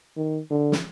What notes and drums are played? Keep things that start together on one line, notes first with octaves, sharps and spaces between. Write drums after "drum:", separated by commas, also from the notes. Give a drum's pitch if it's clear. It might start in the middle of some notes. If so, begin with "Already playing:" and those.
D#3
D3
drum: snare